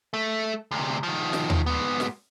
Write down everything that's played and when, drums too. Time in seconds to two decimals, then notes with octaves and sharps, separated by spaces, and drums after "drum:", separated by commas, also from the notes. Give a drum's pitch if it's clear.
0.14 A3
0.71 D2 C3
1.03 D#3 F3
1.33 drum: snare
1.50 drum: tom D#2
1.66 G#2 B3
2.00 drum: snare